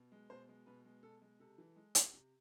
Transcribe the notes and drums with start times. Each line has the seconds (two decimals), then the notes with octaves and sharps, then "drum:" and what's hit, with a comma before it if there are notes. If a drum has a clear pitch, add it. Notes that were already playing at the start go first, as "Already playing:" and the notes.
Already playing: B2
0.12 G#3
0.30 B2 C5
0.48 G#3
0.66 B2 B4
0.85 G#3
1.03 B2 A4
1.21 G#3
1.40 C3 A4
1.58 E3
1.76 G#3
1.95 C3, drum: hi-hat
2.13 C3